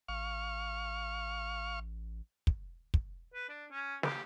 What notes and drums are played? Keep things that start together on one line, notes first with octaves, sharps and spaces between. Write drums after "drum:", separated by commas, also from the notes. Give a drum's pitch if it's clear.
A1 F5 C#6
drum: kick
drum: kick
B4
D4
C#4
G4, drum: snare